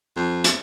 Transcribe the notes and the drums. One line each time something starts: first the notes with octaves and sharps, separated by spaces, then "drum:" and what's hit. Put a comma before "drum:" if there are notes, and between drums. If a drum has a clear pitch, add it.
F2
drum: hi-hat